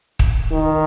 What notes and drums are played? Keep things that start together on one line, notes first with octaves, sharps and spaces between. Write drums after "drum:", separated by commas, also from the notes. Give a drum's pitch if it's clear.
drum: kick
D#3